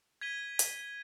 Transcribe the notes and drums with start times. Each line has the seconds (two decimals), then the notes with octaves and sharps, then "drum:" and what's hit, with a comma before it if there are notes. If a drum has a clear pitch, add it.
0.21 G#6 B6 D#7 G7
0.59 drum: hi-hat